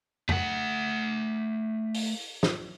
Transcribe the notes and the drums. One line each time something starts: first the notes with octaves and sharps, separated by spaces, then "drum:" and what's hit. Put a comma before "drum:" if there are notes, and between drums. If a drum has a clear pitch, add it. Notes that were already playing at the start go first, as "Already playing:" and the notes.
A3 F#5, drum: tom F2
drum: open hi-hat
drum: snare